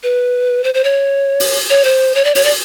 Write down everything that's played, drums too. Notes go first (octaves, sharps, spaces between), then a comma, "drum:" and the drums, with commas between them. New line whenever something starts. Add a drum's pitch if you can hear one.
B4
C5
C5
C#5
drum: open hi-hat
C#5
C5
C#5
D5
C#5, drum: open hi-hat
D5